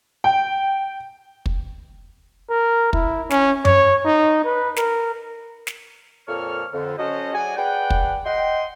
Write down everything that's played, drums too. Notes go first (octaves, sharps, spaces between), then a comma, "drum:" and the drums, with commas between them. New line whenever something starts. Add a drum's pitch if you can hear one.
G5
drum: kick
A#4
E4, drum: kick
C#4, drum: snare
C#5, drum: tom F#2
D#4
B4
A#4, drum: snare
drum: snare
F2 A#2 A4 C#5 F6
F2 D3
F#3 C#4 F#4 A4 C5 D#5
F#3 F#4 G#4 D5 F#5 G#5
G#4 B4 D5 F#5 G5
drum: kick
D#5 F#5 G5 C6